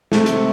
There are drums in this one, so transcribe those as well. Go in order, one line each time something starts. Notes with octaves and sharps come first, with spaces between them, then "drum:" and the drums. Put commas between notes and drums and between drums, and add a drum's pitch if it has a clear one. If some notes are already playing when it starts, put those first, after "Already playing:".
C3 A3, drum: snare
drum: hi-hat